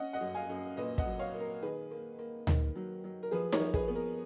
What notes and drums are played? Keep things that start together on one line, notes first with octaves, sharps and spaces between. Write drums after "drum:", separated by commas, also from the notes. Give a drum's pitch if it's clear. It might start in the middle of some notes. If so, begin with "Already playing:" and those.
Already playing: C#4 D#5 F#5
D#5 F#5
F#2
F5 G#5
F#2
A#2 B4 D#5
D#5 F#5, drum: kick
F#3
C#5 F5
A#3
A#4
D#3 G#4 B4
A#3
A#3
D#3, drum: tom D2
F#3
F#3
A#4
F3 G#4 B4
A#4 C#5, drum: snare D#4
F3
G#4 B4, drum: kick
B3
A#4